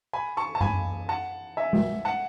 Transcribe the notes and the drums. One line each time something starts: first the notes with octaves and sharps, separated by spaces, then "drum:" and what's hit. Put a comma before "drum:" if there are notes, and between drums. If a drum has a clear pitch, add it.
G#5 B5
A5 C#6
A5
G#5 B5, drum: tom
F#5 A5
E5 G#5
drum: tom G#3
F#5 A5